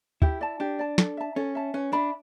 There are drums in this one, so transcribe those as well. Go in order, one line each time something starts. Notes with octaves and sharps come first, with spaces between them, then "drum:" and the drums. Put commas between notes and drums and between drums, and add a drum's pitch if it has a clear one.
E4 G4, drum: kick
D5 A5
D4 G4
D5 A5
A4, drum: snare
E5 A5
C#4 A4
E5 A5
C#4 B4
D4 E5 B5